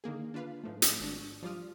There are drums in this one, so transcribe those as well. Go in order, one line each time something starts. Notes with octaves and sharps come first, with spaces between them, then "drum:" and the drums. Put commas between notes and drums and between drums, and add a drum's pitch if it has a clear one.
D3 D#3 A#3 G#4
D4 F4 B4 F5
G#2 F3 A3
drum: hi-hat
G#1 D4 C#6
F3 G3 F4 D5 D#6 F6